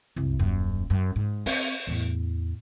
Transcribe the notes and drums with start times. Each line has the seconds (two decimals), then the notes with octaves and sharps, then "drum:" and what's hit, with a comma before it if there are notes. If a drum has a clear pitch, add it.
0.16 C2 F#2
0.39 D#1 F#2
0.90 F#2
1.16 G#2
1.46 C4, drum: open hi-hat
1.87 E2 A2